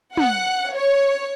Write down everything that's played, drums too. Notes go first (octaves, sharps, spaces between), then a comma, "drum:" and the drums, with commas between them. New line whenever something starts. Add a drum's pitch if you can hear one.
F#5, drum: tom
C#5